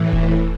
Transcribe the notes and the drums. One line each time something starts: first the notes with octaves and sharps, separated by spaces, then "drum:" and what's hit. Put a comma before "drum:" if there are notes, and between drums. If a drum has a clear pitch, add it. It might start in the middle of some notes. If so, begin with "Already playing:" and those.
Already playing: A2 E3
drum: kick D#1